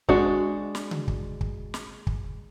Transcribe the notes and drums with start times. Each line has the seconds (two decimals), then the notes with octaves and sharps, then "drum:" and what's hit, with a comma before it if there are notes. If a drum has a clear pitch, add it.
0.09 G#3 D4 F#4, drum: kick
0.75 drum: snare
0.91 drum: tom C#3
1.08 drum: kick
1.41 drum: kick
1.74 drum: snare
2.07 drum: kick